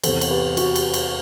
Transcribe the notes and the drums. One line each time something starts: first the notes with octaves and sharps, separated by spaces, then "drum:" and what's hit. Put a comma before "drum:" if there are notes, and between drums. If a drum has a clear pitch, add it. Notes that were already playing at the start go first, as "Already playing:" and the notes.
E2 C3 E3 A4 C5, drum: cymbal
drum: cymbal
G4 B4
F#4, drum: cymbal
drum: cymbal
drum: cymbal